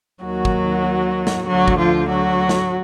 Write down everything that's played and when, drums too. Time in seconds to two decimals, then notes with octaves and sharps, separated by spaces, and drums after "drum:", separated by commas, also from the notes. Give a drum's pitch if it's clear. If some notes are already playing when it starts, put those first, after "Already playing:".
0.24 D#2 D#3 F#3 F#4
0.45 drum: kick
1.27 drum: snare
1.47 D2 D3 F#3 F#4
1.68 drum: kick
1.78 F3 F4
2.09 F#3 F#4
2.49 drum: snare